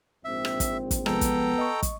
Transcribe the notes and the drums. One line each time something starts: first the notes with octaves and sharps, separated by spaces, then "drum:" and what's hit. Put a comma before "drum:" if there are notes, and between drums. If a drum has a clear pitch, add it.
A#1 G#2 C4 E5
drum: rim click
drum: kick, hi-hat
drum: kick, hi-hat
C2 F3 G#3 B3 A4 G5 A#5, drum: rim click
drum: kick, hi-hat
D#5 C#6
drum: kick, hi-hat